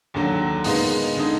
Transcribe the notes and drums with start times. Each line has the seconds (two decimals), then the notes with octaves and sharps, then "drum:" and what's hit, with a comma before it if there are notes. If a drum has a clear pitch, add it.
0.14 D#2 D3 F#3
0.64 A#2 G#3 B3 D#4, drum: open hi-hat
1.16 D3 G#3 D#4